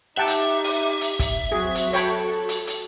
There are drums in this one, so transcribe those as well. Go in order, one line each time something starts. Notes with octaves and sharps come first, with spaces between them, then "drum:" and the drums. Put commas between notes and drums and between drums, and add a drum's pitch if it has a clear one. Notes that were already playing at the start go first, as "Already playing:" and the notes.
D#4 G4 E5 F#5 G5 A5
drum: hi-hat
drum: open hi-hat
drum: hi-hat
drum: kick, hi-hat
F#3 C4 F#4 G#4
drum: hi-hat
A4 C#5 G5 B5, drum: hi-hat
drum: hi-hat
drum: hi-hat